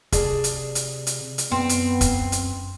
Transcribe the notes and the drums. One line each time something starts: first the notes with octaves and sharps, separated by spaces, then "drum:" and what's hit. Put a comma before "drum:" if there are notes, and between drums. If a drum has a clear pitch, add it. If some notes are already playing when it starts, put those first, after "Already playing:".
C3 G#4 D5 A5, drum: kick, hi-hat
drum: hi-hat
drum: hi-hat
drum: hi-hat
drum: hi-hat
F#2 B3 C4
drum: hi-hat
drum: kick, hi-hat
drum: hi-hat